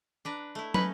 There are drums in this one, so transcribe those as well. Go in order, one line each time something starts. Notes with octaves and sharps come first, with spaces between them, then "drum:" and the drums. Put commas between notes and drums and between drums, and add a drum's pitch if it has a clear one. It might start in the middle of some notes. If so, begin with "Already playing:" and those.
D4 B4 A#5
A3 E4
C#4 D#4 B4, drum: tom